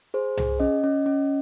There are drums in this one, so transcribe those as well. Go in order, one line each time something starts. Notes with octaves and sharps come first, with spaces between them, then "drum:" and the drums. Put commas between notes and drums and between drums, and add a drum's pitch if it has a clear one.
G#4 C5
G#4, drum: tom C2
C#4 D#5
C#4
C#4